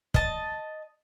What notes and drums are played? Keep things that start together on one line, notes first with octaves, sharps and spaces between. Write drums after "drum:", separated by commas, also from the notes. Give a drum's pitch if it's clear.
D#5 A5, drum: kick